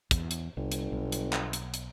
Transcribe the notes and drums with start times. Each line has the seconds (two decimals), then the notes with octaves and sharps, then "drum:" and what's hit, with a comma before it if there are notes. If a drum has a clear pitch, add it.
0.11 E2, drum: kick, hi-hat
0.31 drum: hi-hat
0.57 G1 C2
0.72 drum: hi-hat
0.92 B1
1.12 drum: hi-hat
1.33 drum: clap
1.53 drum: hi-hat
1.74 drum: hi-hat